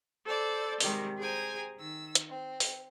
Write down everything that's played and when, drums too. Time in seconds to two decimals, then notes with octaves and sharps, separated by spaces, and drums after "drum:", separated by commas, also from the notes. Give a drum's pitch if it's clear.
0.25 A4 C5 D5
0.80 C3 D#3 G3 G#3, drum: open hi-hat
1.18 G#4 C5 G5 G#5 A#5
1.78 D#3 E6
2.15 drum: hi-hat
2.29 C4
2.60 drum: open hi-hat